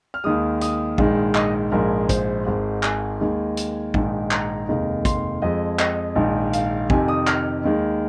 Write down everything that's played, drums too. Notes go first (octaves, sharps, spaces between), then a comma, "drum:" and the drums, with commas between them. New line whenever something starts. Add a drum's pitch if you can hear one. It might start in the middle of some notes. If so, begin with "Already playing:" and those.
F6
D#2 D#3 G#3 D#6
D#6, drum: hi-hat
A#1 G#2 D#3 G#3, drum: kick
D#5, drum: clap
A#1 G#2 F3 G#3 A#4
C5, drum: kick, hi-hat
G#1 G#2 G#3
G#5, drum: clap
D#2 D#3 G#3
drum: hi-hat
A#1 G#2 D#3, drum: kick
A#5, drum: clap
F1 D#2 D#3 G#3
C6, drum: kick, hi-hat
F2 F3 G#3 D#5
D#5, drum: clap
A#1 G#2 D#3
F5, drum: hi-hat
F2 C3 D#3 G#5, drum: kick
D#6
F6, drum: clap
D#2 D#3 G#3